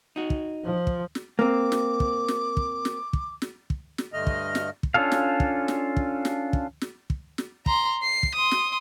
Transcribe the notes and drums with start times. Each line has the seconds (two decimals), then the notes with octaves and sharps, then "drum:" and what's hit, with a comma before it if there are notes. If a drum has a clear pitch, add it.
0.16 D#4 F#4
0.30 drum: kick
0.65 F3
0.87 drum: kick
1.15 drum: snare
1.39 A#3 C4 D6
1.72 drum: snare
2.00 drum: kick
2.28 drum: snare
2.57 drum: kick
2.85 drum: snare
3.13 drum: kick
3.42 drum: snare
3.70 drum: kick
3.98 drum: snare
4.13 G2 D3 A3 D#5 F6
4.27 drum: kick
4.55 drum: snare
4.83 drum: kick
4.94 C#4 D4 F4 A4 F5
5.12 drum: snare
5.40 drum: kick
5.68 drum: snare
5.97 drum: kick
6.25 drum: snare
6.53 drum: kick
6.81 drum: snare
7.10 drum: kick
7.38 drum: snare
7.66 A#5 C6, drum: kick
8.03 C7
8.23 drum: kick
8.35 C6 D#6
8.51 drum: snare